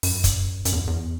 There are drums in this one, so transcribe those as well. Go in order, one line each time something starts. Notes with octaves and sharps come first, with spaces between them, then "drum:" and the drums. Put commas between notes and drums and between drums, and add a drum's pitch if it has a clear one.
F#2, drum: open hi-hat
drum: kick, hi-hat
F#2, drum: hi-hat
E2
E2